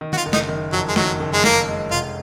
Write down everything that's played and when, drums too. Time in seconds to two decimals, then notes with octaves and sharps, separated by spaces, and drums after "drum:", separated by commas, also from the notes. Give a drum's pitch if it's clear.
0.01 D#3
0.13 F#4, drum: tom D#3
0.17 F4
0.26 F#1
0.33 D#4, drum: snare
0.49 D#3
0.73 F2 F#3
0.88 G#3
0.96 D#3 F#3, drum: snare
1.20 F#1
1.33 G#3
1.44 F#1 A#3, drum: snare
1.68 G#3
1.91 F1 F4